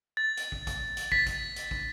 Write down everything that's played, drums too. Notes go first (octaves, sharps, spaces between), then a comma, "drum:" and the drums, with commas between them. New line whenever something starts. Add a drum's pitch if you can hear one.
A6
drum: hi-hat
drum: kick
drum: kick, hi-hat
drum: hi-hat
A6 B6, drum: kick
drum: kick, hi-hat
drum: hi-hat
drum: kick